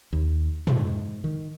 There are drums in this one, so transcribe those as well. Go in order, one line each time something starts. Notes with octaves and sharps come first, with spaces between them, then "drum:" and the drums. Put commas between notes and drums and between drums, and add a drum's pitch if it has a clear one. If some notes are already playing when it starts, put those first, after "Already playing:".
D#2
G#2, drum: tom
D#3